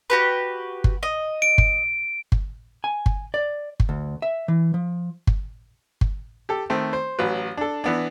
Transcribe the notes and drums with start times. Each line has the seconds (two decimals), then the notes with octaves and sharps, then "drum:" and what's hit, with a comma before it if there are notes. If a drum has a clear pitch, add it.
0.10 F#4 G4 B4
0.84 drum: kick G1
1.03 D#5
1.42 D7
1.58 drum: kick G1
2.32 drum: kick G1
2.84 G#5
3.06 drum: kick G1
3.34 D5
3.80 drum: kick G1
3.89 D2
4.22 E5
4.48 E3
4.74 F3
5.27 drum: kick G1
6.01 drum: kick G1
6.49 G4 A4
6.70 D#3 A3 C4
6.93 C5
7.19 A1 F#3 B4
7.57 D4 A4
7.84 E3 B3 D4